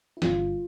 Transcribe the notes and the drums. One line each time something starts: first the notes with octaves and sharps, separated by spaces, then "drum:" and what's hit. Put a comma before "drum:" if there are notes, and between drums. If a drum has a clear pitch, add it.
E4
G1 G2 D3 G3 F4, drum: snare